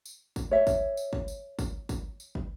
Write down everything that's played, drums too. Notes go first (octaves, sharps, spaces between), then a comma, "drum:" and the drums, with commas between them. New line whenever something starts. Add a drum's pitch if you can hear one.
drum: tambourine
drum: kick, tambourine
C#5 E5
drum: kick, tambourine
drum: tambourine
drum: kick
drum: tambourine
drum: kick, tambourine
drum: kick, tambourine
drum: tambourine
drum: kick